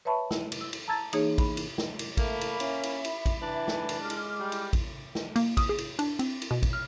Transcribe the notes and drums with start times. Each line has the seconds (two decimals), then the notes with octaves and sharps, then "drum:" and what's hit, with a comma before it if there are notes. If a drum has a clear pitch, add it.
0.05 B4 C#5 E5 A5 B5 C#6
0.31 E4, drum: snare
0.52 drum: cymbal
0.61 E6
0.73 drum: cymbal
0.88 A5 A#5 E6 G#6 A6
1.13 E3 A#3 D#4 G#4 C#5, drum: cymbal
1.38 B5, drum: kick, cymbal
1.57 drum: cymbal
1.78 drum: snare
1.99 drum: cymbal
2.17 A3 A#3 E5 B5, drum: kick, cymbal
2.41 drum: cymbal
2.60 C#4, drum: cymbal
2.83 drum: cymbal
3.04 drum: cymbal
3.26 drum: kick, cymbal
3.42 E3 D4
3.68 drum: snare
3.89 drum: cymbal
4.00 G#3 D6 F6
4.10 drum: cymbal
4.39 G3
4.52 drum: cymbal
4.73 drum: kick, cymbal
5.15 drum: snare
5.36 A#3, drum: cymbal
5.57 D#6, drum: kick, cymbal
5.69 G#4
5.78 drum: cymbal
5.99 D4, drum: cymbal
6.19 C4, drum: cymbal
6.42 drum: cymbal
6.51 B2
6.63 drum: kick, cymbal
6.73 F6